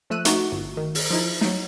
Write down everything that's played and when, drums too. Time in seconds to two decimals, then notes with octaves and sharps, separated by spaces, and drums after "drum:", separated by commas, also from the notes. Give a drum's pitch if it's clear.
0.10 F3 A3 E6 F#6 D#7
0.25 A3 D#4 F#4, drum: hi-hat
0.52 G1
0.77 D#3
0.95 drum: open hi-hat
1.11 F3 D#4 E4
1.41 F#3 D#4, drum: snare